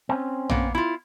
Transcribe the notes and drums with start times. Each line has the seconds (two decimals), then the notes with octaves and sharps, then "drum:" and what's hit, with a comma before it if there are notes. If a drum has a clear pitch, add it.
0.09 C4 C#4
0.49 A#3 B3, drum: tom A#1
0.75 E4 F4